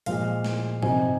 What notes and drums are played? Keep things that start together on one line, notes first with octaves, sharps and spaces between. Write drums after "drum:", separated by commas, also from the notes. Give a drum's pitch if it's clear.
A#2 F3 G#3 F5, drum: hi-hat
drum: snare
C3 F3 C4 D#4 G#5, drum: tom G#2